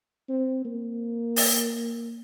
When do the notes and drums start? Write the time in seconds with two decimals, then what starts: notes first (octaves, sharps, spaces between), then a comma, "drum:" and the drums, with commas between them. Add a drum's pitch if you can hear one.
0.29 C4
0.65 A#3
1.36 drum: open hi-hat